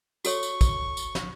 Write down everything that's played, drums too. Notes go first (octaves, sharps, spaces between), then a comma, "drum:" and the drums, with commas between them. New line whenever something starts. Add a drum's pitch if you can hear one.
F#4 A4 C#5 C#6, drum: tambourine
drum: tambourine
drum: kick, tambourine
drum: tambourine
drum: snare